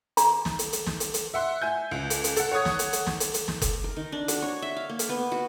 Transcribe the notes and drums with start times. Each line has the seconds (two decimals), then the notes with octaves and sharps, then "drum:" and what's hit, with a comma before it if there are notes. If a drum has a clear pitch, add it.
0.17 A#5, drum: hi-hat
0.45 drum: snare
0.59 drum: hi-hat
0.73 drum: hi-hat
0.86 drum: snare
1.00 drum: hi-hat
1.14 drum: hi-hat
1.34 E5 F#5 C6
1.62 E5 G#5 G6
1.91 C#2
2.10 drum: hi-hat
2.24 drum: hi-hat
2.36 A4 F#5, drum: hi-hat
2.51 C#5 F#5 C#6 D#6 G#6
2.65 drum: snare
2.79 drum: hi-hat
2.93 drum: hi-hat
3.07 drum: snare
3.20 drum: hi-hat
3.34 drum: hi-hat
3.48 drum: snare
3.62 drum: kick F#1, hi-hat
3.84 A#4
3.97 D#3
4.12 D4
4.28 F#4, drum: hi-hat
4.42 C#5
4.62 E5
4.77 F5
4.89 A#3
4.99 drum: hi-hat
5.09 B3
5.32 F#4